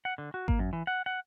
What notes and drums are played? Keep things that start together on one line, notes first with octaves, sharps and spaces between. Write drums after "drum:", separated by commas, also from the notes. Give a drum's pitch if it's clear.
F#5
D3
F#4
A#3, drum: kick G#1
F#2
E3
F#5
F#5